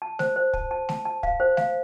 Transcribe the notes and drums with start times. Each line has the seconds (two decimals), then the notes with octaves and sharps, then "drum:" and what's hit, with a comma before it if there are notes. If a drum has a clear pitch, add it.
0.02 A5
0.19 C5, drum: snare A3
0.36 C5
0.53 A5, drum: kick
0.71 A5
0.89 A5, drum: snare A3
1.05 A5
1.23 F5, drum: kick
1.40 C5
1.57 F5, drum: snare A3